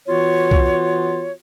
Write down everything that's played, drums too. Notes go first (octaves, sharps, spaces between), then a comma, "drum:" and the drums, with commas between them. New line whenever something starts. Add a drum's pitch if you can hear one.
E3 B3 F4 F#4 C#5
drum: kick C2